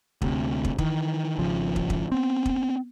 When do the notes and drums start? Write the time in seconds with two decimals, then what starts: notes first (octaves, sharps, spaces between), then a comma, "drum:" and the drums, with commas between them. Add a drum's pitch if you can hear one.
0.22 D2 C3, drum: kick
0.65 drum: kick
0.78 D#3 E3, drum: kick
1.38 G#1 C#3 F3
1.76 drum: kick
1.90 drum: kick
2.12 B3 C4
2.46 drum: kick